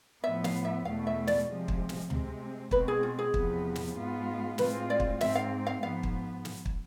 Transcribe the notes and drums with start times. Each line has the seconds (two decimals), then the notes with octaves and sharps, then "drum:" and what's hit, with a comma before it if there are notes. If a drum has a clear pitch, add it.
0.23 A2 F3 B3 E5
0.44 F5, drum: snare
0.65 E5
0.85 E2 B2 A3 F5
1.07 E5
1.27 D5, drum: snare
1.47 C3 F3 G#3
1.68 drum: kick
1.89 drum: snare
2.10 C3 G#3 C4, drum: tom
2.71 B2 G#3 C4 B4, drum: kick
2.88 G#4
3.03 F4
3.19 G#4
3.34 E2 C3 F3 B3, drum: kick
3.75 drum: snare
3.96 G#2 G#3 B3 F4
4.58 A2 G#3 C4 F4 B4, drum: snare
4.90 D5
5.00 drum: kick
5.21 G#2 G#3 C4 E5, drum: snare
5.35 F5
5.67 F5
5.83 G#2 F3 B3 F5
6.03 drum: kick
6.45 drum: snare
6.66 drum: kick